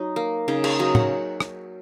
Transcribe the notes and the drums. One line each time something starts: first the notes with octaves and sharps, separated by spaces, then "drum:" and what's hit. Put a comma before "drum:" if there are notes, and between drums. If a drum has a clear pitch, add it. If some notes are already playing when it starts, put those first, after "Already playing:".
Already playing: F#3 D#4
A#3
C#3 D#4
G#4, drum: cymbal
F#3 D#5
F#5, drum: tom A2
drum: rim click